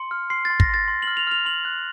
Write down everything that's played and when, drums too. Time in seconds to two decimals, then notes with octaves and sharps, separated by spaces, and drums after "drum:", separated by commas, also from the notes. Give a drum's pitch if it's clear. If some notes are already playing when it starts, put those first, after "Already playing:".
Already playing: C6 C#7
0.11 F6
0.30 C6 C7
0.45 A6
0.50 C6
0.60 A#6, drum: kick
0.69 C6 A6
0.88 C6
1.02 F6 F#7
1.17 F7
1.27 F6 F7
1.45 C6 F#7
1.65 F#6